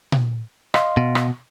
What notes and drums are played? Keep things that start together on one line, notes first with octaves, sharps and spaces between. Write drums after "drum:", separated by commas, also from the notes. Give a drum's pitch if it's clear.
drum: tom A#2
D#5 F5 C6, drum: rim click
B2
drum: rim click